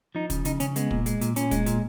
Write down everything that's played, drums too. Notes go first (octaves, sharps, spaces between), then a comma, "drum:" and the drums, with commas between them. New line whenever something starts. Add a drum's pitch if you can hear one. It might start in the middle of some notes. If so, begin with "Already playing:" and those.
F3 D#4
C#3, drum: kick, hi-hat
C#3 D#4, drum: hi-hat
C#3 C#4, drum: hi-hat
G#3 B3, drum: hi-hat
A#2, drum: kick
G#3, drum: hi-hat
A#2, drum: hi-hat
A#2 C#4, drum: hi-hat
G#3, drum: kick, hi-hat
A#2, drum: hi-hat